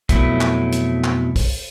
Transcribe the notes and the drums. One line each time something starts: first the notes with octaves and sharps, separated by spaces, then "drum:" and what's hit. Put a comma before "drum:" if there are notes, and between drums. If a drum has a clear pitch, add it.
F2 B2 F#3 A3 E4, drum: kick, hi-hat
drum: clap
drum: hi-hat
drum: clap
drum: kick, open hi-hat